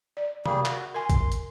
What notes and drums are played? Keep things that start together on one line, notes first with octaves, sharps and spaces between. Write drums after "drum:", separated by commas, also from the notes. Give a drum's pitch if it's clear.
D5
G3 A#3 G#4 B5, drum: tom C3
F#4, drum: clap
A#4 G#5 C6
drum: kick, hi-hat
drum: hi-hat